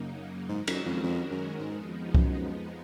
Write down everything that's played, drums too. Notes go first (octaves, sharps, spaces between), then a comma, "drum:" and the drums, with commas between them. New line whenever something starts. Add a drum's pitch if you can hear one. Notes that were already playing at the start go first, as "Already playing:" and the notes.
Already playing: F#2 C#3 F#3 A#3 D#4
G#2 D#3 G#3 C#4 F#4 A#4
F#2, drum: cymbal
F2
F2
F#2
F2 G#2 F3 G#3 B3 D#4
F#2, drum: kick C2